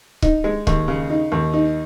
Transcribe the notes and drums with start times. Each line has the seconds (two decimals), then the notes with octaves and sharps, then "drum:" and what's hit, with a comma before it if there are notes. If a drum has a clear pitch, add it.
0.22 D#4, drum: kick
0.44 G#3
0.67 D#2, drum: kick
0.88 C#3
1.10 D#4
1.32 D#2
1.54 D#4